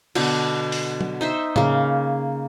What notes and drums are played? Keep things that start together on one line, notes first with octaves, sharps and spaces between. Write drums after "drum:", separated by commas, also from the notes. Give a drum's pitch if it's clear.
B2 D3 D4, drum: cymbal
drum: open hi-hat
drum: tom
D#4 C5 E5
C#3 A#3, drum: tom A2